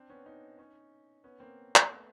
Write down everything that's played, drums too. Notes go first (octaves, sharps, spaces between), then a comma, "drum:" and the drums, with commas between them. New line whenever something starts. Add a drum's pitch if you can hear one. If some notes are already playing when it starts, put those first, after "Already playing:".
Already playing: C4 D4
B3 C#4
C#4 D#4
C#4 D#4
B3 C#4
A#3 C4
drum: clap
A3 B3